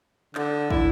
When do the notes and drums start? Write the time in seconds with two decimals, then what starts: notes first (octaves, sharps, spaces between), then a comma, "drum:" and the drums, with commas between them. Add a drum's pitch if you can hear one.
0.35 D3, drum: clap
0.70 E4, drum: kick